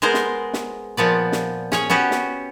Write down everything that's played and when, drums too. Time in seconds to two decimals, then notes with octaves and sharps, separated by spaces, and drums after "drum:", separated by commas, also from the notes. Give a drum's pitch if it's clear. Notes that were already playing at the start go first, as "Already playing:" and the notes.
0.02 G#3 B3 G#4 A#4 C5
0.14 drum: snare
0.53 drum: snare
0.97 A#2 F3 B3 D5
1.32 drum: snare
1.72 C#4 G#4 C#5, drum: snare
1.90 B3 C#4 F#4 G4 B4
2.11 drum: snare